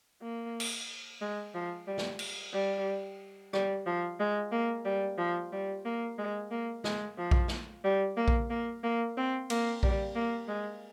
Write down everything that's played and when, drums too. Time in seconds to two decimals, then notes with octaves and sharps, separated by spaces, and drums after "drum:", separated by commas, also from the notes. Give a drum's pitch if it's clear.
0.22 A#3
0.60 drum: cymbal
1.21 G#3
1.54 F3
1.87 G3
1.98 drum: snare
2.19 drum: cymbal
2.53 G3
3.53 G3, drum: rim click
3.86 F3
4.19 G#3
4.52 A#3
4.85 G3
5.18 F3
5.52 G3
5.85 A#3
6.18 G#3
6.50 A#3
6.84 G#3, drum: snare
7.18 F3
7.31 drum: kick A#1
7.48 drum: snare
7.84 G3
8.17 A#3
8.28 drum: kick A#1
8.50 A#3
8.83 A#3
9.17 C4
9.50 A#3, drum: cymbal
9.83 G3, drum: kick A#1
10.15 A#3
10.48 G#3